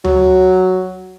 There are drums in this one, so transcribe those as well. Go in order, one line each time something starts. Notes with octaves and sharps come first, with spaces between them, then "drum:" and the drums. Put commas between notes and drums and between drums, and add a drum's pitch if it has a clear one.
F#3, drum: tom D2